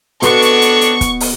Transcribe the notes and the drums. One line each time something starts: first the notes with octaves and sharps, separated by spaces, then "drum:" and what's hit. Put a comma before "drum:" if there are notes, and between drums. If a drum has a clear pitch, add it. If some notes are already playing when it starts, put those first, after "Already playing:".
B2 B3 C4 D4 A4 C#6, drum: hi-hat
drum: hi-hat
drum: hi-hat
drum: hi-hat
drum: kick, hi-hat
drum: open hi-hat